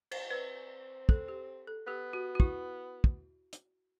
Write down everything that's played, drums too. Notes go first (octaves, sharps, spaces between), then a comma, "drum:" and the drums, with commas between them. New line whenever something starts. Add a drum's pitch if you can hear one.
C5, drum: cymbal
C4 B4
A4, drum: kick
G4
A4
B3 G4
F#4
F#4
E4, drum: kick
drum: kick
drum: hi-hat